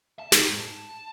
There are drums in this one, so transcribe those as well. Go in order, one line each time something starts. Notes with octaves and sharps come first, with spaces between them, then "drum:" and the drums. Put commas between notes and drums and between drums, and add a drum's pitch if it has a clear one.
A5
D#4, drum: snare
G#2
A5